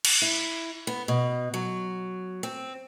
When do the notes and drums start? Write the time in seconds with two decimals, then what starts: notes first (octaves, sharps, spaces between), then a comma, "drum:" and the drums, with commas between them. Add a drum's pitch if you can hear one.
0.05 drum: cymbal
0.22 E4
0.87 B3
1.08 B2
1.54 F#3
2.43 C4